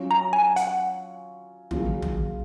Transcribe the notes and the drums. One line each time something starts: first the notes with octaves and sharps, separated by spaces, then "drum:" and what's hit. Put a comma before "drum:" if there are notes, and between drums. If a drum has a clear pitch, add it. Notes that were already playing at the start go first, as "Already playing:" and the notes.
Already playing: F#3 C#4 F4
A#5
G#5
F#5, drum: hi-hat
C#3 F#3 A#3 F4, drum: tom
drum: tom